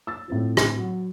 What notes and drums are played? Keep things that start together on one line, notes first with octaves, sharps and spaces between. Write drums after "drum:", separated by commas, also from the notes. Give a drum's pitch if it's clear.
E6 A6
A2 C4 F4
drum: rim click
F#3